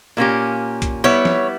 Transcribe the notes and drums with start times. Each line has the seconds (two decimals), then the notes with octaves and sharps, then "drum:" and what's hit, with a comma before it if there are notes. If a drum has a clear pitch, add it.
0.17 A#2 A#3 C#4 G4
0.82 drum: kick, hi-hat
1.04 G3 B3 E4 C#5
1.25 drum: snare